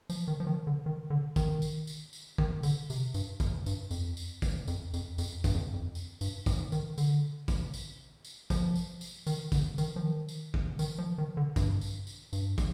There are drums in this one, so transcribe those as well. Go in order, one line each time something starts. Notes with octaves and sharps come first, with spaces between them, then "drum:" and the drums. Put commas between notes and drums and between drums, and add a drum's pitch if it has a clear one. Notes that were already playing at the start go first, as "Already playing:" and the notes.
F3, drum: tambourine
D#3
F3
D#3
D3
D#3
D3
D#3, drum: kick, tambourine
drum: tambourine
drum: tambourine
drum: tambourine
D#3, drum: kick
D3, drum: tambourine
C3, drum: tambourine
G2, drum: tambourine
F2, drum: kick, tambourine
G2, drum: tambourine
F2, drum: tambourine
drum: tambourine
drum: kick, tambourine
F2, drum: tambourine
F2, drum: tambourine
F2, drum: tambourine
G2, drum: kick, tambourine
F2
F2
drum: tambourine
G2, drum: tambourine
G#2, drum: kick, tambourine
D#3, drum: tambourine
D3, drum: tambourine
drum: kick, tambourine
drum: tambourine
drum: tambourine
F3, drum: kick, tambourine
drum: tambourine
drum: tambourine
D#3, drum: tambourine
D3, drum: kick, tambourine
D#3, drum: tambourine
F3
D#3
drum: tambourine
drum: kick
D#3, drum: tambourine
F3
D#3
D3
G2, drum: kick, tambourine
drum: tambourine
drum: tambourine
G2, drum: tambourine
drum: kick, tambourine